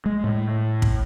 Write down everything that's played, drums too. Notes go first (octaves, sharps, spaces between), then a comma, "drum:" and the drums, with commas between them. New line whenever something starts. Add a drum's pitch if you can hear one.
G#3
A2
drum: kick